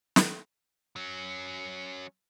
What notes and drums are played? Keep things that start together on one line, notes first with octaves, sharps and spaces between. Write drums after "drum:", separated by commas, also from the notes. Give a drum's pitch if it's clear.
drum: snare
F#3 C#4